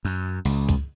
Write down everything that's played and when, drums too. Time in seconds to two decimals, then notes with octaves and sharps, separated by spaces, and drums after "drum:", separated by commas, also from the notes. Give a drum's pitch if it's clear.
0.05 F#2
0.45 C#2, drum: open hi-hat
0.69 drum: kick C#2, hi-hat